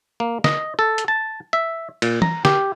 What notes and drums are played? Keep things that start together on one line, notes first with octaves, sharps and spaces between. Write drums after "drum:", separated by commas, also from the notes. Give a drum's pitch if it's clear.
A#3
D#5, drum: snare
A4
drum: hi-hat
A5
E5
A#2, drum: cymbal
A#5, drum: tom
G4, drum: snare